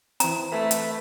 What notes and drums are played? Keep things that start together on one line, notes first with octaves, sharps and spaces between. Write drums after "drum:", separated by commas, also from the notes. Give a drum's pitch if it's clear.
E3 C4 A#5, drum: hi-hat
A3 B4 E5
drum: hi-hat